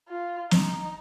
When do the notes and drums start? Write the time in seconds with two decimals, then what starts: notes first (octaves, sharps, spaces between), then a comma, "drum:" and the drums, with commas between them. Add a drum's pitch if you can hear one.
0.08 F4
0.51 D#4, drum: snare